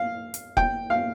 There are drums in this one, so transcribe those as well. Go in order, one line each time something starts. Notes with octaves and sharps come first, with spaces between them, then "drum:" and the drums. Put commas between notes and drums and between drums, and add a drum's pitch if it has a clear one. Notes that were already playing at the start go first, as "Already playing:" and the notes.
Already playing: F5
drum: hi-hat
G5, drum: kick F1
F5